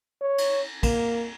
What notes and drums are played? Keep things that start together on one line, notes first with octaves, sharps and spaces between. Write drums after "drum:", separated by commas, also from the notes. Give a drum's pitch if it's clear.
C#5
drum: cymbal
A#3, drum: kick, cymbal